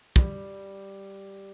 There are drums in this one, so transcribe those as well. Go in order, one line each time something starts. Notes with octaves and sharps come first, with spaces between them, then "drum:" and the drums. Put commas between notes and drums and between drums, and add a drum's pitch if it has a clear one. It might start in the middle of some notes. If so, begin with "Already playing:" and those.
G3, drum: kick